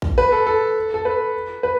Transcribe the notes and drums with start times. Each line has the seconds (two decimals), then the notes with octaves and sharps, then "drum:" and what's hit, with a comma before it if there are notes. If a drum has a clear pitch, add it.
0.02 drum: kick A#1
0.18 B4
0.32 A4
0.47 A4
0.94 A4
1.05 B4
1.63 B4